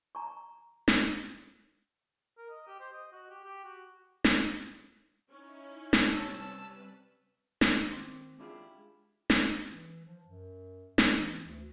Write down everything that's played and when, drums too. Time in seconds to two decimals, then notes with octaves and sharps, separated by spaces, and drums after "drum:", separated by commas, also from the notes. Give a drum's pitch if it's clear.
0.15 A#5 C#6
0.88 drum: snare
2.38 A#4
2.50 D#5
2.67 G4
2.80 C5
2.93 D#5
3.12 F#4
3.30 G4
3.44 G4
3.64 F#4
4.24 drum: snare
5.30 C#4 D#4 E4
5.93 drum: snare
6.07 C3 G3 B4 A5 E6
7.61 drum: snare
7.86 D#3 A#3 C4 C6
8.39 G#3 D4 E4 F4 G4 G#4
9.30 drum: snare
9.68 E3
10.06 F3
10.26 F#2
10.98 drum: snare
11.19 E3
11.45 D2